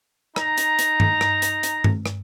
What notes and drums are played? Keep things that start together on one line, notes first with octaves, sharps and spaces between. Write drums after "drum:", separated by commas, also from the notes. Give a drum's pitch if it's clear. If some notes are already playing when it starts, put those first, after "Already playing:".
D#4 A#5, drum: rim click
drum: hi-hat
drum: hi-hat
drum: tom G2
drum: rim click
drum: hi-hat
drum: hi-hat
drum: tom G2
drum: rim click